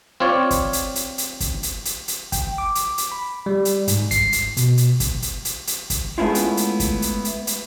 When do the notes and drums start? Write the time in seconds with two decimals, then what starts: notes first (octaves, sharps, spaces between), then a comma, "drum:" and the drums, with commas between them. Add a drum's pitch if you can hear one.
0.20 C4 F4 C#5 D5
0.51 drum: kick F#1, hi-hat
0.73 drum: hi-hat
0.95 drum: hi-hat
1.18 drum: hi-hat
1.40 drum: kick F#1, hi-hat
1.63 drum: hi-hat
1.85 drum: hi-hat
2.08 drum: hi-hat
2.32 G5, drum: kick F#1, hi-hat
2.58 D6
2.75 drum: hi-hat
2.98 drum: hi-hat
3.12 B5
3.46 G3
3.65 drum: hi-hat
3.88 G#2, drum: hi-hat
4.11 C7, drum: kick F#1, hi-hat
4.33 drum: hi-hat
4.57 B2, drum: hi-hat
4.77 drum: hi-hat
5.00 drum: kick F#1, hi-hat
5.22 drum: hi-hat
5.45 drum: hi-hat
5.67 drum: hi-hat
5.90 drum: kick F#1, hi-hat
6.18 G#3 A3 B3 C#4 E4 F4
6.35 drum: hi-hat
6.57 drum: hi-hat
6.80 drum: kick F#1, hi-hat
7.02 drum: hi-hat
7.25 drum: hi-hat
7.47 drum: hi-hat